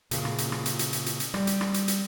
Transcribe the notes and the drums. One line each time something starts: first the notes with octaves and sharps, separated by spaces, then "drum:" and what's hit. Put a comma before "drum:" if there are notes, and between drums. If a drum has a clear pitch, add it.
A#2 C#3, drum: hi-hat
drum: rim click
drum: hi-hat
drum: rim click
drum: hi-hat
drum: hi-hat
drum: hi-hat
drum: hi-hat
drum: hi-hat
G3, drum: rim click
drum: hi-hat
drum: rim click
drum: hi-hat
drum: hi-hat